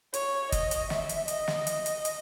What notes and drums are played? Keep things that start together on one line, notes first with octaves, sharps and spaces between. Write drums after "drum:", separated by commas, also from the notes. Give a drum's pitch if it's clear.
C#5, drum: hi-hat
D#5, drum: kick, hi-hat
drum: hi-hat
E5, drum: snare
drum: hi-hat
D#5, drum: hi-hat
drum: snare
drum: hi-hat
drum: hi-hat
drum: hi-hat